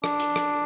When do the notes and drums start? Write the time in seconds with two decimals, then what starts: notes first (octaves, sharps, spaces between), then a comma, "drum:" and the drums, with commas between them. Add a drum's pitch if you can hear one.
0.04 D4, drum: rim click
0.20 drum: hi-hat
0.36 drum: rim click